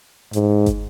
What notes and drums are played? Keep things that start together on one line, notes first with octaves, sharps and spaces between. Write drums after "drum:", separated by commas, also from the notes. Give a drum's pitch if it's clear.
G#2, drum: hi-hat
drum: kick G1, hi-hat